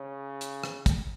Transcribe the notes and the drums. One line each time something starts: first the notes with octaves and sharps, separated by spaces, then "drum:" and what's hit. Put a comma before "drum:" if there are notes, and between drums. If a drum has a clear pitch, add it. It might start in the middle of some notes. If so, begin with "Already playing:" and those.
Already playing: C#3
drum: hi-hat
drum: rim click
drum: kick, hi-hat